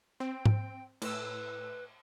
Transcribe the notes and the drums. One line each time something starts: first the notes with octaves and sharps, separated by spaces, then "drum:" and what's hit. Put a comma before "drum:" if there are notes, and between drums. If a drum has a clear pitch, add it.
C4 G5
drum: tom G#2
A2 B4 E6, drum: cymbal